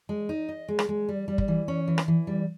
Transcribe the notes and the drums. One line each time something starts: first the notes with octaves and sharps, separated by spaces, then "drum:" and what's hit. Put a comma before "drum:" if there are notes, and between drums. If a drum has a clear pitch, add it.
G#3
D#4
D#5
G#3
drum: rim click
G#3
G3
G3
drum: kick
E3
C#4
E3
drum: rim click
E3
G3